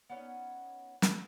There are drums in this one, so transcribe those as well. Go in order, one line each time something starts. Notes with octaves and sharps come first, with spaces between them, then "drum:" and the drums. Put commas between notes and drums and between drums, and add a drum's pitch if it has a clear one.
B3 C#4 D#4
drum: snare